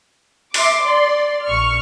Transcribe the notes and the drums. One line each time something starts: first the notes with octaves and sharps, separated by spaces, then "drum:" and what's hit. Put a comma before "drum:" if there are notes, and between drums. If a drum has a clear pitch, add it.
E5 C6 D6, drum: open hi-hat
D5 C6
A#1 C#6 F6